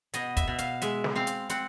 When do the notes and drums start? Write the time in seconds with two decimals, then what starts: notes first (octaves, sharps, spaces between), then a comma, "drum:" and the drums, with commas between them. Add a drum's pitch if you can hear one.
0.14 B2 D#5, drum: hi-hat
0.37 E5, drum: kick, hi-hat
0.47 B2
0.58 F5, drum: hi-hat
0.82 G#3 E5, drum: hi-hat
1.04 drum: snare
1.15 C4 F5
1.27 drum: hi-hat
1.49 C4 F#5, drum: hi-hat